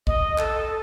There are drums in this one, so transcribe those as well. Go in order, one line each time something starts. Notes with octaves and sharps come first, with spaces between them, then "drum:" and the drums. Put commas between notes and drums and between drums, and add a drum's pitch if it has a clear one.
D#5, drum: kick
A4, drum: clap